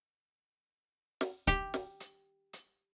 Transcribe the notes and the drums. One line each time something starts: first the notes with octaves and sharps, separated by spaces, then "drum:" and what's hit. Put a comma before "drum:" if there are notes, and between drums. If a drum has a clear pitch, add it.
drum: snare
G4, drum: kick, hi-hat
drum: snare
drum: hi-hat
drum: hi-hat